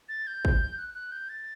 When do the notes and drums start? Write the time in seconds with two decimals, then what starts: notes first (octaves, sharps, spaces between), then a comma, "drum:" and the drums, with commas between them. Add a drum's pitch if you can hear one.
0.09 A6
0.27 G6
0.45 drum: kick
0.78 F#6
0.94 F#6
1.12 G6
1.29 A6